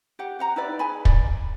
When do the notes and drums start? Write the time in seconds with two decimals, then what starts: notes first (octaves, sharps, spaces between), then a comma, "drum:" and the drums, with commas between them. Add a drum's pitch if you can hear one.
0.19 G4 F#5
0.39 G4 F#5 A#5
0.56 D#4 E4 B4 D5
0.79 G#4 G#5 B5
1.05 D5, drum: kick